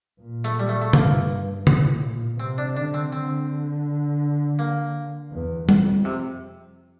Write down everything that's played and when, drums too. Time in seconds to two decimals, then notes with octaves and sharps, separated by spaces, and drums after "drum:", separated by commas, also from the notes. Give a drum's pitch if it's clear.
0.21 A#2
0.44 A3, drum: hi-hat
0.60 G3
0.69 A3
0.82 A3
0.93 G2 A#3, drum: tom
1.67 A2, drum: tom
2.03 A#2
2.40 C3 C4
2.58 D4
2.76 D3 D4
2.94 C4
3.13 D3 C4
4.59 A#3
5.32 E2
5.69 F2, drum: tom G3
6.05 C3